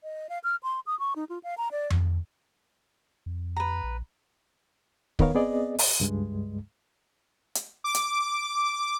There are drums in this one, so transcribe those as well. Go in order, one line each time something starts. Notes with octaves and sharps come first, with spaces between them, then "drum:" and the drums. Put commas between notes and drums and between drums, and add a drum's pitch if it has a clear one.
D#5
F5
F6
C6
D#6
C#6
D#4
F4
F5
A#5
D5
drum: tom F2
F2
B4 A#5
A#1
D#2 D#3 B3 A#4 C#5 F5, drum: kick
B3 C4 G#4 D5 D#5
drum: open hi-hat
C#2 G2 G#3
drum: hi-hat
D6
drum: hi-hat